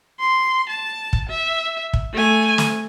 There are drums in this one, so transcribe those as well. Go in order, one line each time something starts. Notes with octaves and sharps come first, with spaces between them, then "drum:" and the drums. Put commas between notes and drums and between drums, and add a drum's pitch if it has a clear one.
C6
A5
drum: kick
E5
drum: kick
A3 G#5
drum: snare